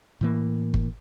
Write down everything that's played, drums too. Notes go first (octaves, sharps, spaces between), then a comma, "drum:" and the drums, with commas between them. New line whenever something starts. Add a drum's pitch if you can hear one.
A2 E3 A#3
drum: kick G1